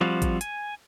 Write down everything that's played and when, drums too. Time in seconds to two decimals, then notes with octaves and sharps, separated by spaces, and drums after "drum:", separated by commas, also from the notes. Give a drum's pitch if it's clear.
0.01 F3 G3 C4 F4 F#4
0.22 drum: kick A1, hi-hat
0.41 G#5, drum: hi-hat